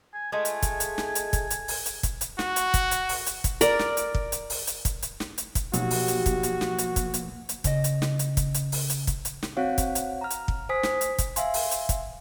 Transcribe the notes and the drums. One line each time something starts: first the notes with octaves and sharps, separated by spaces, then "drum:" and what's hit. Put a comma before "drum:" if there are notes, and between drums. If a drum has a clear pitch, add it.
G#5
G#3 A3 F4 G#5
drum: hi-hat
drum: kick, hi-hat
drum: hi-hat
drum: snare
drum: hi-hat
drum: kick, hi-hat
drum: hi-hat
drum: open hi-hat
drum: hi-hat
drum: kick, hi-hat
drum: hi-hat
F#4, drum: snare
drum: hi-hat
drum: kick, hi-hat
drum: hi-hat
drum: open hi-hat
drum: hi-hat
drum: kick, hi-hat
A#4 D5, drum: hi-hat
drum: snare
drum: hi-hat
drum: kick
drum: hi-hat
drum: open hi-hat
drum: hi-hat
drum: kick, hi-hat
drum: hi-hat
drum: snare
drum: hi-hat
drum: kick, hi-hat
B1 F3 A#3 F#4 G4, drum: hi-hat
drum: open hi-hat
drum: hi-hat
drum: kick, hi-hat
drum: hi-hat
drum: snare
drum: hi-hat
drum: kick, hi-hat
drum: hi-hat
drum: hi-hat
C#3 D#5, drum: kick, hi-hat
drum: hi-hat
drum: snare
drum: hi-hat
drum: kick, hi-hat
drum: hi-hat
drum: open hi-hat
drum: hi-hat
drum: kick, hi-hat
drum: hi-hat
drum: snare
C4 F#4 C#5 F5 F#5
drum: kick, hi-hat
drum: hi-hat
A#5 F6
drum: hi-hat
drum: kick
C5 G#5 D#6 B6
drum: snare
drum: hi-hat
drum: kick, hi-hat
E5 F5 G#5 C6, drum: hi-hat
drum: open hi-hat
drum: hi-hat
drum: kick, hi-hat